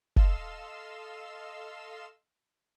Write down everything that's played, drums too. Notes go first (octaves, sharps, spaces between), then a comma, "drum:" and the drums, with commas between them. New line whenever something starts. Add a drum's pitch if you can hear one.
A4 D#5 F5 C6 E6 E7, drum: kick F#1